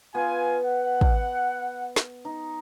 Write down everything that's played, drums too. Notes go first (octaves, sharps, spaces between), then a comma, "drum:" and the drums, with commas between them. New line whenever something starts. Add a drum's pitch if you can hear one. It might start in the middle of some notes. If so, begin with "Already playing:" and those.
B3 F4 G#5
F#5
drum: kick
drum: snare
D#4